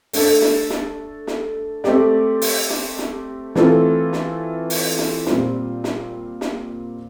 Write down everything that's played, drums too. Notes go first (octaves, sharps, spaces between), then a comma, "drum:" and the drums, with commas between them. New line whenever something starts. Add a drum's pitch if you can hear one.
A3 D4 A4, drum: open hi-hat
drum: snare
drum: snare
drum: snare
A3 C4 G4 D5, drum: snare
drum: open hi-hat
drum: snare
drum: snare
E3 A3 C4 F4 A4, drum: snare
drum: snare
drum: open hi-hat
drum: snare
A#2 G3 C4 F4 C5, drum: snare
drum: snare
drum: snare